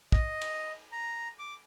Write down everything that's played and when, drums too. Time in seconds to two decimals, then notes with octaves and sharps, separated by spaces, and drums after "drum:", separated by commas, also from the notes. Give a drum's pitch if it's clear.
0.12 D#5, drum: kick
0.41 drum: cymbal
0.92 A#5
1.39 D6